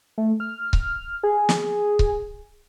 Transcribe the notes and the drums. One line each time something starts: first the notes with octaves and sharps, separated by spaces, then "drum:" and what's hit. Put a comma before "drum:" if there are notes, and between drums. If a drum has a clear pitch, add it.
A3
F6
drum: kick C#1
G#4
drum: snare
drum: kick C#1